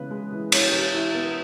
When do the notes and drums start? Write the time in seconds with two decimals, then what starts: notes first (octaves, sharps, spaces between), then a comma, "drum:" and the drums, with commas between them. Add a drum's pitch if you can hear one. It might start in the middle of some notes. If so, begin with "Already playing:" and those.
Already playing: C#3 E3 G#3 B3 B4
0.11 G#3
0.32 E3
0.52 E3 C#5, drum: cymbal
0.73 E3
0.94 E4
1.15 B3